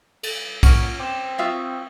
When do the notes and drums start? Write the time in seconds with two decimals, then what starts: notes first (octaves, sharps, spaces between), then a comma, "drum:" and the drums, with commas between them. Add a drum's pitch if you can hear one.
0.23 A4 A6, drum: cymbal
0.63 A#2 C#4 F#5 C#6 F6, drum: kick, cymbal
0.99 C4 D6 E7
1.38 F4 E5 F5 C#6 D#6 E6